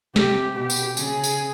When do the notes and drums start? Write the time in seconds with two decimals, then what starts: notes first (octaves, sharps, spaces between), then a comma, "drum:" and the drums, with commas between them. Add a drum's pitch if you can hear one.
0.16 C3 G4, drum: snare
0.56 B2 G4
0.70 drum: tambourine
0.97 C#3 G#4, drum: tambourine
1.24 drum: tambourine